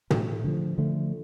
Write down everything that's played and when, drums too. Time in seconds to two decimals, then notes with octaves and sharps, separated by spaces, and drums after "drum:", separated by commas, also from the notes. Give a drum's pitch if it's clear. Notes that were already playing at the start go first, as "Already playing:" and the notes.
0.10 A2 E3 A3, drum: tom
0.44 D3 F3 A3
0.78 D3 F3 A3